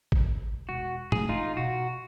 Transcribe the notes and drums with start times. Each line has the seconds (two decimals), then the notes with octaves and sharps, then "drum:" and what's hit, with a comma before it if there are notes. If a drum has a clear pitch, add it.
0.12 drum: kick A1
0.69 E1 F#4
1.12 A3 C#4 G#4, drum: tom
1.29 E3 D#4 F4
1.57 B2 F#4